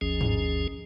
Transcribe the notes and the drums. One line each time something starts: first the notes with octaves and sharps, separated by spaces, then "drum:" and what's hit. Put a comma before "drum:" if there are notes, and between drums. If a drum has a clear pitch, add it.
G#1 D#2 F3 C#4 G#4
drum: tom G2